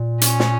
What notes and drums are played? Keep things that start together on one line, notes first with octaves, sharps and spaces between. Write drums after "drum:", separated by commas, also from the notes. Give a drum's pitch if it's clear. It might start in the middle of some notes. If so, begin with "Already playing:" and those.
Already playing: A#2
C#4, drum: hi-hat
drum: snare